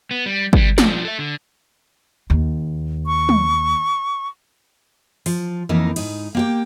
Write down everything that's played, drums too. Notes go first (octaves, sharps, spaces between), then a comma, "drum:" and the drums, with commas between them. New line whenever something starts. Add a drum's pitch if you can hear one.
B3
G3
C2 G3, drum: kick
F3 D4, drum: snare
A4 E5
D3
D#2
C#6
drum: tom
F3, drum: open hi-hat
F2 E3 A#3 D#4 A#4
G#2 D#4, drum: cymbal
A#3 G4 G5